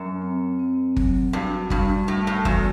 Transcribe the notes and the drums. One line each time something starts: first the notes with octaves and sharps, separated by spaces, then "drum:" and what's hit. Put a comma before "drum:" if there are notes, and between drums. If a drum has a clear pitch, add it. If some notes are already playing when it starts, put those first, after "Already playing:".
Already playing: F#2 F#3
C4
C4
F#3, drum: kick G1
G2 F#4
G2 G3, drum: kick G1
A2 G3
A2
E2 F#4, drum: kick G1